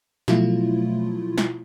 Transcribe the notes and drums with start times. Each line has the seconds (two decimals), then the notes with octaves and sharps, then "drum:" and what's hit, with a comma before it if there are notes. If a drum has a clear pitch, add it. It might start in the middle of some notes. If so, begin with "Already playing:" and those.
0.28 B2 F3 F#3 A3 E4 F4, drum: snare
1.38 drum: snare